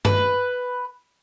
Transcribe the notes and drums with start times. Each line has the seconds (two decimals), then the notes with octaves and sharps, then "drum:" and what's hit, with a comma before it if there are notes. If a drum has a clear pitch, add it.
0.05 B4, drum: tom G2